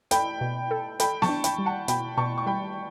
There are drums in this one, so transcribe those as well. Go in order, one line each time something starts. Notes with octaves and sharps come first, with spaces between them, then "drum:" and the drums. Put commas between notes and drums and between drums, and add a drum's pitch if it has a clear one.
A4 G5 B5, drum: hi-hat
B2
A4
A4 G5 B5, drum: hi-hat
A5 C#6, drum: snare B3
D4
G5 B5, drum: hi-hat
G3
F#5 A5
B2 G5 B5, drum: hi-hat
B2 A5 C#6
C#6
G3 G5 B5